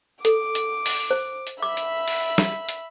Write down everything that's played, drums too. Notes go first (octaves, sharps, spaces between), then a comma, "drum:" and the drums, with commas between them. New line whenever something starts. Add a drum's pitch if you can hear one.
A4 D6, drum: hi-hat
drum: hi-hat
drum: open hi-hat
C5
drum: hi-hat
E5 B5 D6
drum: hi-hat
drum: open hi-hat
drum: snare
drum: hi-hat